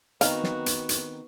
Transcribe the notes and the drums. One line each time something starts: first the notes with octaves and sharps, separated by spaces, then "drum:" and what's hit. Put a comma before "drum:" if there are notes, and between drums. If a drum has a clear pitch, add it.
D#3 B3 C4 F#4 F5 A#5, drum: hi-hat
drum: snare
drum: hi-hat
drum: hi-hat